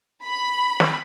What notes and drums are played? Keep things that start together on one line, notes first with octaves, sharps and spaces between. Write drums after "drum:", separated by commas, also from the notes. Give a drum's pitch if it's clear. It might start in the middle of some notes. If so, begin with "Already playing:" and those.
B5
drum: snare